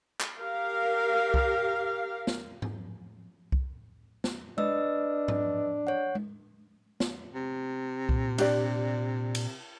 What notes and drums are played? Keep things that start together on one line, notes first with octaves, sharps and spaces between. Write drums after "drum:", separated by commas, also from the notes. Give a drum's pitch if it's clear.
drum: clap
G4 A#4 F5
drum: kick C2
drum: snare
drum: tom G#2
drum: kick C2
drum: snare
D4 B4 D#5 E6, drum: tom G#3
drum: tom G#2
C#5 F#5
drum: tom G#3
drum: snare
C3
A#2, drum: kick C2
D4 G4 D5, drum: cymbal
drum: cymbal